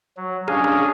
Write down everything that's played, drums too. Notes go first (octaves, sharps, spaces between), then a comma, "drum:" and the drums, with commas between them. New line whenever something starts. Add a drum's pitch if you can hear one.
F#3
C#4 D4 D#5 F5 G#5, drum: rim click
drum: rim click